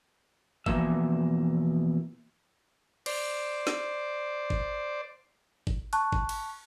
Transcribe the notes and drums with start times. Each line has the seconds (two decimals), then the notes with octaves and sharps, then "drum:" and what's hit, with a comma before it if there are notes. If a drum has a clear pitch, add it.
0.66 E2 B2 F3 A#3 E5, drum: kick
3.06 C5 D5, drum: cymbal
3.67 drum: snare
4.50 drum: kick
5.67 drum: kick
5.93 A5 C#6 F#6, drum: hi-hat
6.12 drum: kick
6.29 drum: cymbal